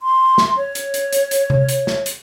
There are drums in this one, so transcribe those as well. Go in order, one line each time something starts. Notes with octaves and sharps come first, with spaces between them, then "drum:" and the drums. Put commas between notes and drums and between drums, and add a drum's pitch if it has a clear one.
C6
drum: snare
C#5
drum: hi-hat
drum: hi-hat
drum: hi-hat
drum: hi-hat
drum: tom C3
drum: hi-hat
drum: snare
drum: hi-hat